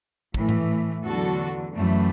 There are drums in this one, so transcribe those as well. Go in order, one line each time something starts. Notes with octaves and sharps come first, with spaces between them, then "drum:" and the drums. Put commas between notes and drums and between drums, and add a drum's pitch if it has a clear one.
A2 E3 A3, drum: kick
drum: tom G#2
E2 D3 F#3 F#4 A4
F#2 E3 A3